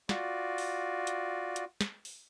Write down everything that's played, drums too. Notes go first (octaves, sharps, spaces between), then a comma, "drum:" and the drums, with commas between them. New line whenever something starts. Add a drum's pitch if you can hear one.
F4 F#4 D5, drum: snare
drum: open hi-hat
drum: hi-hat
drum: hi-hat
drum: snare
drum: open hi-hat